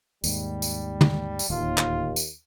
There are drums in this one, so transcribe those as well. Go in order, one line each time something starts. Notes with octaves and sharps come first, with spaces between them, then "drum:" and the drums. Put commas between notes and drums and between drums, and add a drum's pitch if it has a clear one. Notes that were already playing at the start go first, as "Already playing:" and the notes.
D#2 G#2 G3, drum: tambourine
drum: tambourine
drum: tom
drum: tambourine
D1 D#2 F4
drum: clap
drum: tambourine